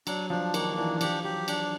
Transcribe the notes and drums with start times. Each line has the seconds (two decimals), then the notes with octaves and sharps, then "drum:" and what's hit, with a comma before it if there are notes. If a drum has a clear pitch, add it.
0.07 F#3 D4, drum: cymbal
0.30 F3 D4
0.54 D#3 A#3, drum: cymbal
0.77 E3 D4
1.01 F3 G4, drum: cymbal
1.24 F#3 G4
1.48 D4, drum: cymbal